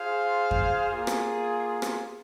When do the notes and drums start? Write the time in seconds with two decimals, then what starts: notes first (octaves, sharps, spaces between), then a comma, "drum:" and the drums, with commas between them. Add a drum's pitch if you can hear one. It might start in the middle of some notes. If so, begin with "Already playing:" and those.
Already playing: F4 G#4 C5 F5
0.51 drum: kick F2
0.89 A#3 F4 G#4
1.07 drum: rim click
1.82 drum: rim click